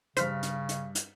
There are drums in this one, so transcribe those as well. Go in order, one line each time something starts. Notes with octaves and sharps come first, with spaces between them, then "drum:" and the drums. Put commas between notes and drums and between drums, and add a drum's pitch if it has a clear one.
G2 C#3 C5 F6 B6, drum: hi-hat
drum: hi-hat
drum: hi-hat
drum: hi-hat